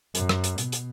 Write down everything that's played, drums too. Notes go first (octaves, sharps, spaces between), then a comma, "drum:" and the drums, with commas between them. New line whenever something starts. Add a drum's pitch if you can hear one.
F#2, drum: hi-hat
drum: rim click
drum: hi-hat
B2, drum: hi-hat
drum: hi-hat